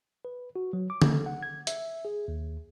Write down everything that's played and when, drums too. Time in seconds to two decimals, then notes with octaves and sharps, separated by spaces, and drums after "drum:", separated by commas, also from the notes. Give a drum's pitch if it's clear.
0.25 B4
0.56 F#4
0.73 F#3
0.90 D6
1.02 drum: tom
1.12 A4
1.26 F#5
1.43 G#6
1.67 E5, drum: hi-hat
2.05 G#4
2.28 D#2